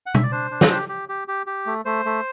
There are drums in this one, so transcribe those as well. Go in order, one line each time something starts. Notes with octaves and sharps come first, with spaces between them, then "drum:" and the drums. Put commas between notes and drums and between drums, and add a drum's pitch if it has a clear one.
F#5
E5, drum: tom B2
D5
D4 C5
D4
drum: snare
G4
G4
G4
G4
G4
A3
A3 C5
A3